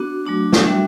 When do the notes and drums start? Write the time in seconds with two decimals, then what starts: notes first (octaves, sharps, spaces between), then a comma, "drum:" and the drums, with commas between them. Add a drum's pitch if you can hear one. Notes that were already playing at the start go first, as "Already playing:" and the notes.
Already playing: B3 D4 F#4
0.25 F#3 A3 D4 F#4
0.53 drum: snare
0.65 G3 D4 F#4 E5